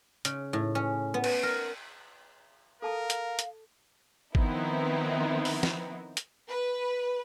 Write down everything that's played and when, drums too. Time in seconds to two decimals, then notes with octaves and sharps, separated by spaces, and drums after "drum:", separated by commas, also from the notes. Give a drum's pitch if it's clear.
0.25 C#3, drum: hi-hat
0.53 A2
0.75 C#4
1.14 B3
1.24 drum: cymbal
1.43 A#4
2.82 A4 A#4 F5 A5 D#6
3.10 drum: hi-hat
3.39 drum: hi-hat
4.35 D#3 F3 B3 C4 D#4 E4, drum: kick
5.45 drum: open hi-hat
5.63 drum: snare
6.17 drum: hi-hat
6.48 B4